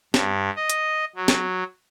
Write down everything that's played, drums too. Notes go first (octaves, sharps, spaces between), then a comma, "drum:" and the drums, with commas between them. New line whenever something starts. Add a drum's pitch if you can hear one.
G2, drum: snare
D#5
drum: hi-hat
F#3
drum: snare